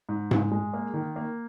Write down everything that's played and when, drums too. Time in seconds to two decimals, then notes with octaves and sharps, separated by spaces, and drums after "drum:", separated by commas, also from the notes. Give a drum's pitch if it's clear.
0.09 G#2
0.31 G#3, drum: tom G#2
0.51 G#3
0.73 A#3
0.94 D#3
1.16 A#3